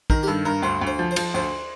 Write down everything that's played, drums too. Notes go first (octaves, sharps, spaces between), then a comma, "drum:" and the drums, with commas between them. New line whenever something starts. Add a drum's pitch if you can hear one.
D#3 A#4, drum: kick
G4
G2 A4
G2 A#4
D2 C5
D2
C5
F3
C5
F3, drum: cymbal
D2 C5